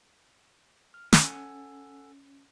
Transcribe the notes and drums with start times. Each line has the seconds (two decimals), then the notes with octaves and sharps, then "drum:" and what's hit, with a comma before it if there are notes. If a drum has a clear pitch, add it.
0.94 F6
1.13 C#4 A4 F#5 G#5, drum: snare